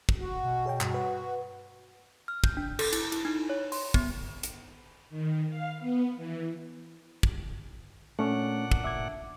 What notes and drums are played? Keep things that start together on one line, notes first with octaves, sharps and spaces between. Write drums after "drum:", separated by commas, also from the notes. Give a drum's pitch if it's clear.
drum: kick
F#4
B2
G#4 C#5 G5
G2 F#4, drum: clap
B4
F6
G6, drum: kick
D4
A4, drum: cymbal
E4, drum: cymbal
E4, drum: cymbal
D#4
C#5
C6, drum: open hi-hat
B3, drum: kick
drum: hi-hat
D#3
F5
B3
E3
drum: kick
A#2 A3 C#4 D4 C#5 F#5
drum: kick
E5 D6 G#6